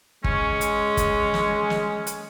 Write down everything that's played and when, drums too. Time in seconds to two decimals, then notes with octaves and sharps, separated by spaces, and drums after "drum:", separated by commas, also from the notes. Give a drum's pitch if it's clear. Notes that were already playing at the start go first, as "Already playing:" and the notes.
0.24 G#3 C#4, drum: kick
0.61 drum: hi-hat
0.97 drum: kick, hi-hat
1.34 drum: snare
1.70 drum: snare
2.07 drum: hi-hat